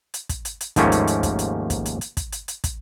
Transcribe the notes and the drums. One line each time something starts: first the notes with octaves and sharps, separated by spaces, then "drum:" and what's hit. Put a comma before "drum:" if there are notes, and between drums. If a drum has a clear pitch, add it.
drum: hi-hat
drum: kick, hi-hat
drum: hi-hat
drum: hi-hat
D#2 G#2 F3 A3 A#3 C#4, drum: kick, hi-hat
drum: hi-hat
drum: hi-hat
drum: kick, hi-hat
drum: hi-hat
drum: kick, hi-hat
drum: hi-hat
drum: hi-hat
drum: kick, hi-hat
drum: hi-hat
drum: hi-hat
drum: kick, hi-hat